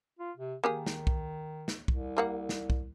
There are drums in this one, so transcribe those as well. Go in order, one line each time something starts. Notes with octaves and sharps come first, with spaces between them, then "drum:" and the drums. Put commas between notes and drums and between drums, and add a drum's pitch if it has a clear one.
F4
C3
D#3 A#3 G4 G#4
drum: snare
drum: kick B1
drum: snare
C2, drum: kick B1
G3 A#3 F#5
drum: snare
drum: kick B1